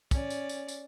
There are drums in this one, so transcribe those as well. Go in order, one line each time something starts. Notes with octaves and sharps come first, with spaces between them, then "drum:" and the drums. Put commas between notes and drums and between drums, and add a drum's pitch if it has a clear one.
C#4 D5, drum: kick, tambourine
drum: tambourine
drum: tambourine
drum: tambourine